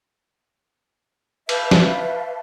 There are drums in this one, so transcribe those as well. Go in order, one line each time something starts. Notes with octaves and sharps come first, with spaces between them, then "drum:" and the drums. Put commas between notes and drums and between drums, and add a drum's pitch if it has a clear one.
B4 E5 F5 A5, drum: cymbal
drum: snare